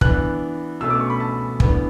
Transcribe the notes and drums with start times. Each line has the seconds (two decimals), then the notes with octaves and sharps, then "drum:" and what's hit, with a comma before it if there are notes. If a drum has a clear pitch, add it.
0.01 E3 B3 D4 F#6, drum: kick
0.81 B2 A3 C#4 E6
0.90 D6
1.00 C#6
1.10 B5
1.20 A5
1.60 A2 E3 B3 D4, drum: kick